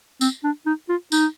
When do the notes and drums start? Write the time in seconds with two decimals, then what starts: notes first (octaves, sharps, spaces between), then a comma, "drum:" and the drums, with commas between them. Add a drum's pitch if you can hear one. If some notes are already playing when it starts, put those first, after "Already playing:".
0.21 C4, drum: tambourine
0.44 D4
0.66 D#4
0.89 F4
1.12 D#4, drum: tambourine